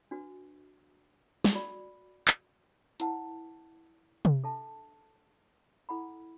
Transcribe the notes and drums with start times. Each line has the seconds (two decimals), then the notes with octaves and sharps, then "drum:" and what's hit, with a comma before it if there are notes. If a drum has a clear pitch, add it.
0.11 D4 F#4 B4
1.45 drum: snare
1.55 F#4 D5 B5
2.28 drum: clap
3.00 E4 B4 F#5 A5, drum: hi-hat
4.25 drum: tom C3
4.44 D4 A4 E5 A5
5.89 E4 A4 F#5 B5